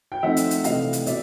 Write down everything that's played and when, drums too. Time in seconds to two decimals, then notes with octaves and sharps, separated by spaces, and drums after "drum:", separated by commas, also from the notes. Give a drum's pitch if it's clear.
0.12 G5
0.23 F3 A3 C4 D#4 E5 F#5
0.37 drum: hi-hat
0.51 drum: hi-hat
0.64 C3 E3 A3 D4 D#5 F5, drum: hi-hat
0.93 drum: hi-hat
1.06 B2 D5 E5, drum: hi-hat